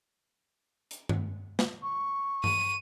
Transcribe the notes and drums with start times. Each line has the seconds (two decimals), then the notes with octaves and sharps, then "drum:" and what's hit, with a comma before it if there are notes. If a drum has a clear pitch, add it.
0.91 drum: hi-hat
1.09 drum: tom G2
1.59 drum: snare
1.83 C#6
2.44 D#7, drum: tom G2